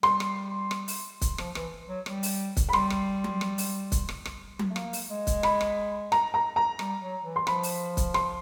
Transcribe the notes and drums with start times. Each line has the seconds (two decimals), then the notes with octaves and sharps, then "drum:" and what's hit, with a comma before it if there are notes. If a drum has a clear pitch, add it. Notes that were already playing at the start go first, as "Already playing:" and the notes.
0.03 G3 C6, drum: rim click
0.20 drum: rim click
0.71 drum: rim click
0.88 drum: open hi-hat
1.21 drum: kick, hi-hat
1.38 F3, drum: rim click
1.55 E3, drum: rim click
1.88 F#3
2.06 G3, drum: rim click
2.23 drum: open hi-hat
2.57 drum: kick, hi-hat
2.69 B5
2.73 G3 C6, drum: rim click
2.90 drum: rim click
3.24 drum: tom F#3
3.41 drum: rim click
3.58 drum: open hi-hat
3.92 drum: kick, hi-hat
4.09 drum: rim click
4.25 drum: rim click
4.59 drum: tom F#3
4.70 A3
4.76 A#3, drum: rim click
4.93 drum: open hi-hat
5.11 G#3
5.27 drum: kick, hi-hat
5.43 B5, drum: rim click
5.61 drum: rim click
6.12 A#5, drum: rim click
6.34 A#5
6.56 A#5
6.79 G3, drum: rim click
7.02 F#3
7.23 E3
7.36 C6
7.47 F3 B5, drum: rim click
7.63 drum: open hi-hat
7.97 drum: kick, hi-hat
8.14 C6, drum: rim click